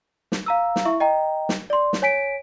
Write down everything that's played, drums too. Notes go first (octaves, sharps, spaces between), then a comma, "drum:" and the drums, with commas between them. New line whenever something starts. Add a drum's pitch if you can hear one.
drum: snare
F5 A#5 E6
drum: snare
E4 E5 C#6
D#5 G5 A#5
drum: snare
D5 C6
drum: snare
C#5 G#5 B6 D7